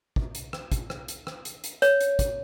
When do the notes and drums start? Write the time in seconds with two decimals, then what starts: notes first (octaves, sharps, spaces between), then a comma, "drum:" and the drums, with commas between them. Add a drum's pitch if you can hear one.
0.16 drum: kick
0.35 drum: hi-hat
0.53 drum: rim click
0.72 drum: kick, hi-hat
0.90 drum: rim click
1.08 drum: hi-hat
1.27 drum: rim click
1.45 drum: hi-hat
1.64 drum: hi-hat
1.82 C#5, drum: hi-hat
2.01 drum: hi-hat
2.19 drum: kick, hi-hat